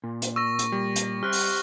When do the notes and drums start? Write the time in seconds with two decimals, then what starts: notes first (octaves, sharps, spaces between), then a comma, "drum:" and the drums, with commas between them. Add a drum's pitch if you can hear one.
0.04 A#2
0.22 drum: hi-hat
0.36 C#6 E6 A#6
0.59 drum: hi-hat
0.72 G3
0.96 drum: hi-hat
1.23 G4 C5 F6 F#6
1.32 drum: open hi-hat